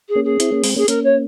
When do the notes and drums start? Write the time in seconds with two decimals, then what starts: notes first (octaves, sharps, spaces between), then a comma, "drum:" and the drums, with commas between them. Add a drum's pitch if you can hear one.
0.08 G#4
0.16 A#3 C#4
0.24 G#4
0.40 C4 E4, drum: hi-hat
0.52 A#3 C#4
0.64 G#3 C4, drum: open hi-hat
0.76 A#3 C#4 G#4
0.88 A#3 C#4 A#4, drum: hi-hat
1.04 C#5